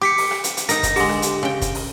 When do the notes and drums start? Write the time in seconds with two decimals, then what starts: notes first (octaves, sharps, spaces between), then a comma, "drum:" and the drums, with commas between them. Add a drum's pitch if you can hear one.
0.02 G4 D6 B6 C#7
0.18 drum: open hi-hat
0.31 drum: rim click
0.44 drum: hi-hat
0.57 drum: hi-hat
0.69 D#4 A#4 A#6, drum: hi-hat
0.83 drum: kick, hi-hat
0.96 D3 G#3 G4, drum: open hi-hat
1.09 drum: rim click
1.22 drum: hi-hat
1.43 C#3 G5
1.61 drum: kick, hi-hat
1.75 drum: open hi-hat